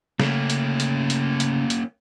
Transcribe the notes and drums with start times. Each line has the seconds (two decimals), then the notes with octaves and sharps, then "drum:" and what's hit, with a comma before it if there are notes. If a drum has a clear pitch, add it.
0.20 C#3 A3 A#3 C#4, drum: snare
0.50 drum: hi-hat
0.80 drum: hi-hat
1.10 drum: hi-hat
1.40 drum: hi-hat
1.70 drum: hi-hat